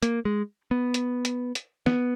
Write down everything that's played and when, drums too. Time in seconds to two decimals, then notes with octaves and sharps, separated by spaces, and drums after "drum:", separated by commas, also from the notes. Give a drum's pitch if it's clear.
0.03 A#3, drum: hi-hat
0.25 G#3
0.71 B3
0.94 drum: hi-hat
1.25 drum: hi-hat
1.55 drum: hi-hat
1.86 B3, drum: snare